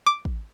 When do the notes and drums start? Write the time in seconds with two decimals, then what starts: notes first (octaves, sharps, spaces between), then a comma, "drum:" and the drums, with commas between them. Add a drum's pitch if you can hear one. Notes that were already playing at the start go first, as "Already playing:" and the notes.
0.06 D6
0.25 drum: kick